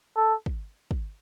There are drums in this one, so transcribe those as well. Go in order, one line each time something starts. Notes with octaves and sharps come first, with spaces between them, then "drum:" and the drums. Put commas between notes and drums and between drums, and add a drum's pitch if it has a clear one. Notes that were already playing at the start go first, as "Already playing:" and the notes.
A4
drum: kick
drum: kick